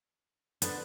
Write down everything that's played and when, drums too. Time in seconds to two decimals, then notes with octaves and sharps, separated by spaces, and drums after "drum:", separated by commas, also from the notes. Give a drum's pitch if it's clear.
0.62 D3 B3 D4 C5, drum: hi-hat